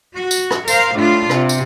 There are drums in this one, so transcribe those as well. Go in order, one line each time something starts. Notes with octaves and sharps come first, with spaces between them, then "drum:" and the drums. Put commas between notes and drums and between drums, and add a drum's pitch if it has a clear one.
F#4
drum: tambourine
drum: rim click
A#4 C5 F5, drum: tambourine
A2 D4 F4
C3, drum: rim click
drum: tambourine